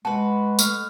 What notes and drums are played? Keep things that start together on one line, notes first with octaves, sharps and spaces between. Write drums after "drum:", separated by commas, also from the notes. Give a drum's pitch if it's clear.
G#3 F#4 B4 A5
A3 C#6 F6, drum: tambourine